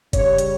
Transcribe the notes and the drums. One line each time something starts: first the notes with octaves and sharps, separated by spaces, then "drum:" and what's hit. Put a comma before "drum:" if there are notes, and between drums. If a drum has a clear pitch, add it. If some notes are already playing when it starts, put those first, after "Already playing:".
C#3 G3 C#5, drum: kick G1, hi-hat
drum: hi-hat